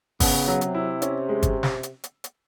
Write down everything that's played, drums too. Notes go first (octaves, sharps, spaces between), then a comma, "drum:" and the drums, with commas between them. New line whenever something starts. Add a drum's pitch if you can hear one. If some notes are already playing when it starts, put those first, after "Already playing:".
C#3 B3, drum: kick, open hi-hat
F#3
C3, drum: hi-hat
E4
C#4, drum: hi-hat
G#3
drum: kick, hi-hat
drum: snare
drum: hi-hat
drum: hi-hat
drum: hi-hat